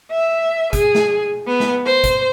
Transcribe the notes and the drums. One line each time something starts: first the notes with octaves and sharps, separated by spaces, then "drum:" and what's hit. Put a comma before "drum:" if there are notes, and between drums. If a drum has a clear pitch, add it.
E5
G#4, drum: kick, hi-hat
drum: snare
B3
drum: snare
C5
drum: kick, hi-hat